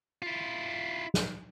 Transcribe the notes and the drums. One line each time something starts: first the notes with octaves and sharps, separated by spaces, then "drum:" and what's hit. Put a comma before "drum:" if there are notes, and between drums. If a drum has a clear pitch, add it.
E4 F4
drum: snare